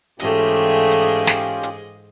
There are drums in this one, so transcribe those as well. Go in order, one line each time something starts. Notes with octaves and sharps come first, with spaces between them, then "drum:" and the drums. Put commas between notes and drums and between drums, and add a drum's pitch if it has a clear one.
G#2 E3 A3 C#4 F4 G4 G#4 D#5, drum: hi-hat
drum: hi-hat
drum: snare
drum: hi-hat